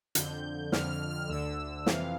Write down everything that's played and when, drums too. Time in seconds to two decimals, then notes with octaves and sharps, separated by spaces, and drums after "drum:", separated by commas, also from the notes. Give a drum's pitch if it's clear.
0.15 F2 D3 G6, drum: hi-hat
0.72 F2 D3 F6, drum: snare
0.91 F6
1.10 F6
1.29 D2 D3 E6
1.86 F2 C3 E3 F5, drum: snare